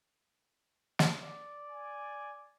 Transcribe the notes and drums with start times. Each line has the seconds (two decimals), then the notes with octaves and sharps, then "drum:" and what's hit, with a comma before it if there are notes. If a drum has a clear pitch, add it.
0.99 drum: snare
1.21 D5
1.71 G#5